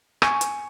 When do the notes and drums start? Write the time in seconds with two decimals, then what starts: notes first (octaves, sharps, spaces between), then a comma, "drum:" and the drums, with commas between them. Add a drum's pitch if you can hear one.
0.22 G#5 C#6, drum: rim click
0.41 drum: hi-hat